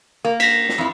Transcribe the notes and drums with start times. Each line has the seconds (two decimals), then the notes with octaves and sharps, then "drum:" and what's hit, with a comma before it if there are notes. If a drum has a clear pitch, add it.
0.25 A#3
0.40 A#6 B6, drum: cymbal
0.69 drum: snare
0.78 F2 E4